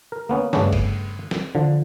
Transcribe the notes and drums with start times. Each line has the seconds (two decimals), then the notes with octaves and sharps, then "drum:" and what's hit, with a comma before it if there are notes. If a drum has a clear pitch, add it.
0.12 A#4
0.29 A#3 B3 C#4
0.53 G2 C#3 A3 B3 C#4 D4, drum: snare
0.73 drum: kick, cymbal
1.31 drum: snare
1.55 D3 F3